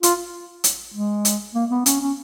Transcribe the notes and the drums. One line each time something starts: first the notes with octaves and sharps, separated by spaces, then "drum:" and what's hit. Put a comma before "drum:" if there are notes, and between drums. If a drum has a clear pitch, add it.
F4, drum: hi-hat
drum: hi-hat
G#3
drum: hi-hat
A#3
B3
C#4, drum: hi-hat
C#4